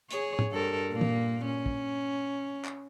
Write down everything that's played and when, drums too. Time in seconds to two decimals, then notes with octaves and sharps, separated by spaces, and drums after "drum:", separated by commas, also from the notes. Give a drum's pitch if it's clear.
0.11 G#4 C#5, drum: hi-hat
0.39 drum: tom
0.51 G2 A4 A#4
0.91 A#2 A#3
1.01 drum: tom
1.45 C#4
1.66 drum: kick
2.65 drum: clap